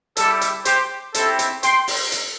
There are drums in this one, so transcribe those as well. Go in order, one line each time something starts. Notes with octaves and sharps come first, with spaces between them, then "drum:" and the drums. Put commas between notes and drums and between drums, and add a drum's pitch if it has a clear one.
G3 E4 G4 A4, drum: hi-hat
drum: hi-hat
G4 C5, drum: hi-hat
C4 E4 G4 A4, drum: hi-hat
drum: hi-hat
G5 C6, drum: hi-hat
drum: open hi-hat
drum: hi-hat